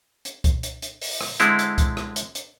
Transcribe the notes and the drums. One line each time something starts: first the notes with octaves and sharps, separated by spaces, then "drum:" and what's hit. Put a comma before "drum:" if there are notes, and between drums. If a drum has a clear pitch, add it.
drum: hi-hat
drum: kick C2, hi-hat
drum: hi-hat
drum: hi-hat
drum: open hi-hat
drum: rim click
D3 G#3 C4 E4, drum: hi-hat
drum: hi-hat
drum: kick C2, hi-hat
drum: rim click
drum: hi-hat
drum: hi-hat